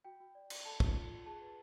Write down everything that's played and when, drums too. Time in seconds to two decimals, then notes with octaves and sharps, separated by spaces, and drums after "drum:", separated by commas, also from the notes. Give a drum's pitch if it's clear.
0.05 F#4 G5
0.20 F#4
0.35 D5
0.50 D5, drum: cymbal
0.65 A4 A5
0.80 F4, drum: kick
0.96 F4
1.10 F4
1.26 G#4 A5
1.41 B4